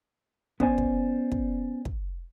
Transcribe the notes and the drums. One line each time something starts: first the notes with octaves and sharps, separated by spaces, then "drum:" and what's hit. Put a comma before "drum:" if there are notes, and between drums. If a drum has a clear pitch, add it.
B3 C#4 C5 D5 G#5, drum: kick
drum: kick
drum: kick
drum: kick